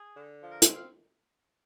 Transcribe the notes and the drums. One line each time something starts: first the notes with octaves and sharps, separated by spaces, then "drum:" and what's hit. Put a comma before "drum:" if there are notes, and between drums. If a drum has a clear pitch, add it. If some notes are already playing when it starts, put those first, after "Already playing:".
Already playing: G#4
D3
F3
A#4
C4, drum: hi-hat
F5